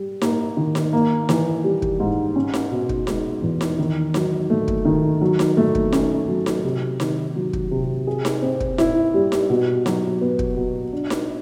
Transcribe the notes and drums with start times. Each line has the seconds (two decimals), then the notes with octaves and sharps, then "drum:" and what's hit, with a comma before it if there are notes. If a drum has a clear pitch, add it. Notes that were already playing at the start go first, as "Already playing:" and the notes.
Already playing: G3
0.22 A#3, drum: snare D#4
0.57 D#3
0.75 drum: snare D#4
0.93 A#3
1.29 E3, drum: snare D#4
1.64 G3
1.82 drum: kick
2.00 G#2
2.36 C#4
2.54 drum: snare D#4
2.71 B2
2.89 drum: kick
3.07 G#3, drum: snare D#4
3.42 E2
3.61 drum: snare D#4
3.79 D#3
4.14 F#3, drum: snare D#4
4.50 A3
4.68 drum: kick
4.85 D#3
5.21 F#3
5.39 drum: snare D#4
5.57 A3
5.75 drum: kick
5.92 C#4, drum: snare D#4
6.28 F#3
6.46 drum: snare D#4
6.64 C3
7.00 D#3, drum: snare D#4
7.35 F#3
7.53 drum: kick
7.71 C3
8.07 G#4
8.25 drum: snare D#4
8.42 C4
8.60 drum: kick
8.78 E4, drum: snare D#4
9.14 G3
9.32 drum: snare D#4
9.50 B2
9.86 F#3, drum: snare D#4
10.21 B3
10.39 drum: kick
10.57 B2
10.93 D4
11.10 drum: snare D#4